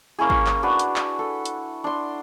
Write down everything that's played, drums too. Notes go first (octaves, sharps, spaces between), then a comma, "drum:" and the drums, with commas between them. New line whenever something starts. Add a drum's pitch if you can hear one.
A#3 C#4 E4 G#4
drum: kick
drum: clap
D4 F#4 B4
drum: hi-hat
drum: clap
A4
drum: hi-hat
D4 C6